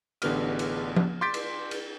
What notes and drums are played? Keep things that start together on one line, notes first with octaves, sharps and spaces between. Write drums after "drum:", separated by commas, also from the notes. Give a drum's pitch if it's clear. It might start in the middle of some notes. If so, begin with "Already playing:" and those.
A1 D3 B3 G4 F6, drum: cymbal
drum: cymbal
drum: tom F3
C6 D6 G6 A6 B6 D7
drum: cymbal
drum: cymbal